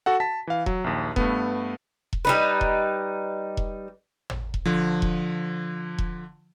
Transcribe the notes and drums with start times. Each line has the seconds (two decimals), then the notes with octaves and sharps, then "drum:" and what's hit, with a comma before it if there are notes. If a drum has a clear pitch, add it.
0.06 F#4 A4 F#5
0.20 A5 B6
0.47 E3 F5
0.66 F#3, drum: kick E1
0.84 A#1 D#2
1.16 G2 A3 B3, drum: kick E1
2.13 drum: kick E1
2.25 G3 D#4 B4
2.61 drum: kick E1
3.57 drum: kick E1
4.30 drum: tom
4.54 drum: kick E1
4.66 D3 F3
5.02 drum: kick E1
5.98 drum: kick E1